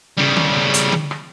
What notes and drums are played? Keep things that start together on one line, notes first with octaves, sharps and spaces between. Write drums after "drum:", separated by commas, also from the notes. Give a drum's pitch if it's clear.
C#3 G3
drum: tom D3
drum: hi-hat
drum: tom D3
drum: rim click